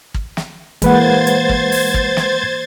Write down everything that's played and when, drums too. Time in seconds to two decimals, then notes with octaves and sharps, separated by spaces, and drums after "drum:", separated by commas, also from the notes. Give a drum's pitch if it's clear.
0.14 drum: kick
0.37 drum: snare
0.82 E3 G#3 A#3 B4 C5 F#5 G#6 A6, drum: kick, hi-hat
1.27 drum: hi-hat
1.49 drum: kick
1.72 drum: open hi-hat
1.94 drum: kick
2.17 drum: snare